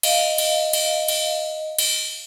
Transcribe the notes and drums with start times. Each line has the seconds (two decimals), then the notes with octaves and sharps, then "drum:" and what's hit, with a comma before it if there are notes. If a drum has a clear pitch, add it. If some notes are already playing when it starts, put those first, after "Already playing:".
0.03 D#5 F5, drum: cymbal
0.38 drum: cymbal
0.73 drum: cymbal
1.08 drum: cymbal
1.78 drum: cymbal